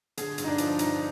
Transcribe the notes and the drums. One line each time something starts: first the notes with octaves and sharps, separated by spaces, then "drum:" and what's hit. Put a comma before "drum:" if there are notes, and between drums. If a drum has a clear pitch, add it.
D3 G#4, drum: hi-hat
G2, drum: hi-hat
D#4
D4
F3, drum: hi-hat
G2 D#4, drum: hi-hat